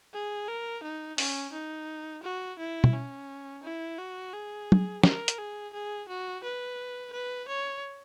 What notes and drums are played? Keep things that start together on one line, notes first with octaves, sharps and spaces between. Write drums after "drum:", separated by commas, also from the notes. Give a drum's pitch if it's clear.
G#4
A#4
D#4
C#4, drum: open hi-hat
D#4
F#4
E4
drum: tom
C#4
E4
F#4
G#4
drum: tom
A#4, drum: snare
drum: hi-hat
G#4
G#4
F#4
B4
B4
C#5